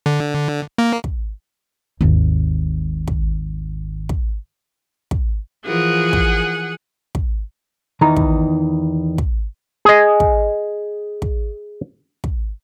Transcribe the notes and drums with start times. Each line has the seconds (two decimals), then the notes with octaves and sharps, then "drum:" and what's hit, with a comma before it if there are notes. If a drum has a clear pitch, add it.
0.06 D3
0.78 A#3
1.04 drum: kick
2.01 G#1 D#2
3.07 drum: kick
4.09 drum: kick
5.11 drum: kick
5.65 E3 F3 G#4 A#4 F#5
6.13 drum: kick
7.15 drum: kick
8.01 E2 D#3 E3 D#4 A#5
8.16 drum: kick
9.18 drum: kick
9.85 G#4 D#5
10.20 drum: kick
11.22 drum: kick
12.24 drum: kick